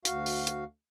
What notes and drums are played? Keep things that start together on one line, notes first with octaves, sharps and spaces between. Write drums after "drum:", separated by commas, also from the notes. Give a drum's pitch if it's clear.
D2 F#4 F5, drum: hi-hat
drum: open hi-hat
drum: hi-hat